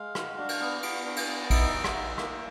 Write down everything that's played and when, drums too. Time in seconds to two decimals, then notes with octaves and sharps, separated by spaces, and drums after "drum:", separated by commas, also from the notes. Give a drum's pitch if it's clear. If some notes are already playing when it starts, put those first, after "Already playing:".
Already playing: G#3 F5
0.15 F#4, drum: rim click
0.38 D4
0.49 drum: cymbal
0.60 B3
0.83 B3, drum: cymbal
1.05 D4
1.16 drum: cymbal
1.28 B3
1.50 D#4 E5, drum: kick A#1, cymbal
1.73 F#4
1.84 drum: rim click
1.96 D#4
2.18 A#3, drum: rim click